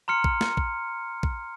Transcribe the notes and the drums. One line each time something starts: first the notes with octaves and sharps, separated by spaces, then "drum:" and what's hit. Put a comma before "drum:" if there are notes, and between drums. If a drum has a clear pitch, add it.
A#5 C6 F6 C#7
drum: kick
drum: snare
drum: kick
drum: kick